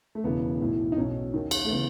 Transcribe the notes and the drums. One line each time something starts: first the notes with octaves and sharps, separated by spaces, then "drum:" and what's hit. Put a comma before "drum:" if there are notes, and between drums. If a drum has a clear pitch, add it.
A3
E1 E2 C#3 E3 B3
B1 A2 E3
D#4
B1 B2 C#4
D#2 D#3
drum: cymbal
A3
C#3 E3 B3